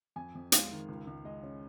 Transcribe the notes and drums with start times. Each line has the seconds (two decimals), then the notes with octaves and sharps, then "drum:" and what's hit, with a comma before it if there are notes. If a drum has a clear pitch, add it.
0.16 F2 G#5
0.35 F2
0.52 G#3 F5, drum: hi-hat
0.71 D#3
0.88 C#2
1.07 C#2
1.24 G#3 D#5
1.43 C#3 C#5